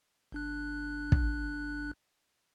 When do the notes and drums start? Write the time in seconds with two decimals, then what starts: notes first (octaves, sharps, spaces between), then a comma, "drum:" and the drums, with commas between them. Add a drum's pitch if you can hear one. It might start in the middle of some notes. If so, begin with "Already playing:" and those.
0.32 G1 D4 F#6
1.12 drum: kick